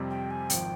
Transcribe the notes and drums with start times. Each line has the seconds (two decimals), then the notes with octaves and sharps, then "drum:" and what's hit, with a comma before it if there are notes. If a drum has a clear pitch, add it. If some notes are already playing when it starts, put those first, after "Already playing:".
Already playing: F2 C3 G3 C4
0.10 G5
0.30 G#5
0.50 G#1 F3 G5, drum: hi-hat